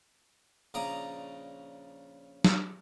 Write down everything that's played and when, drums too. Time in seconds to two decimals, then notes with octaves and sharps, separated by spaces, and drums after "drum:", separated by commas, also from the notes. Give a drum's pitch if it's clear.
0.74 A#1 C#3 D5 A#5 D#6
2.45 drum: snare